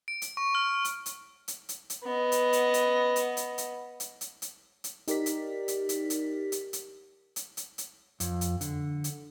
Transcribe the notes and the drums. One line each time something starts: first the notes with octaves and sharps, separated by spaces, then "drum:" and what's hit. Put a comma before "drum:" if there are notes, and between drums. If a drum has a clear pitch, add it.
D7
drum: hi-hat
C#6
F6
drum: hi-hat
drum: hi-hat
drum: hi-hat
drum: hi-hat
drum: hi-hat
B3 D#5
drum: hi-hat
drum: hi-hat
drum: hi-hat
drum: hi-hat
drum: hi-hat
drum: hi-hat
drum: hi-hat
drum: hi-hat
drum: hi-hat
drum: hi-hat
D#4 G4 A#4 D5 B6, drum: hi-hat
drum: hi-hat
drum: hi-hat
drum: hi-hat
drum: hi-hat
drum: hi-hat
drum: hi-hat
drum: hi-hat
drum: hi-hat
drum: hi-hat
F2, drum: hi-hat
drum: hi-hat
D3, drum: hi-hat
drum: hi-hat